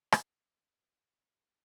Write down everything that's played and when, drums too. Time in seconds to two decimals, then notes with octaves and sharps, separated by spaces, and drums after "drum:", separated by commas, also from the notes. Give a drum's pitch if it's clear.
0.12 drum: rim click
0.31 A#2 G#3 D#4 G4 G#4
0.72 F3 G#3 D4
1.13 F2 D#3 G3 A#3 G#4